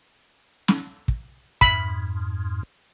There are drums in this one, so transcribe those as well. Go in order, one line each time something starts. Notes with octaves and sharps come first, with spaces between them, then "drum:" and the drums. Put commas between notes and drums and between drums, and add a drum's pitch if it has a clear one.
drum: snare
drum: kick
F2 G#2 B5, drum: kick